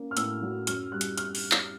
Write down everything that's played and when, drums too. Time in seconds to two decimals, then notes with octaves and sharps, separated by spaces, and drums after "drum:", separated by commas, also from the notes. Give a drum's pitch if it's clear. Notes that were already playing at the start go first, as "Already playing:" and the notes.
Already playing: A#3 C#4
0.11 F6
0.17 A2 E6, drum: hi-hat
0.42 F#3
0.67 F#2 F6, drum: hi-hat
0.92 G3 F#6
1.01 drum: hi-hat
1.18 F6, drum: hi-hat
1.35 drum: open hi-hat
1.52 drum: clap